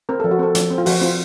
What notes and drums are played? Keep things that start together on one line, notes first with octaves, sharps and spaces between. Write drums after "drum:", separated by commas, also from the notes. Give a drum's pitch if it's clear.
C4 A#4
F3 A4
F#4
C4 A4
F3, drum: hi-hat
C4
F4
F3 F#4, drum: open hi-hat
C4 F4